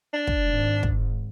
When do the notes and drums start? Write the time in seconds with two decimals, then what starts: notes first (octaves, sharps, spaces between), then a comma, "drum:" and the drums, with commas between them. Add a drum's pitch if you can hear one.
0.14 D4
0.27 drum: kick
0.46 G#1 G#2
0.83 drum: kick